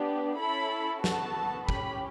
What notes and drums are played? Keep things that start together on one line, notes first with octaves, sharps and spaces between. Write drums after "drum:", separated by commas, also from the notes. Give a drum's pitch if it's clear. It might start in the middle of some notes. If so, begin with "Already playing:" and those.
Already playing: B3 D4 G4
C#4 E4 A4 B5
B3 F#4 A4 A5, drum: snare
C#4 G4 B5, drum: kick